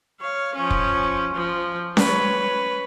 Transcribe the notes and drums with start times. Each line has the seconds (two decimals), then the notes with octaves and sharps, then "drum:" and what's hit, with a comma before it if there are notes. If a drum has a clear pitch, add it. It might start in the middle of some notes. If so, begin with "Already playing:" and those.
0.21 C#5 F5
0.55 F3 C#4
0.70 drum: kick
1.35 F3
1.97 B4 C#5, drum: snare C#4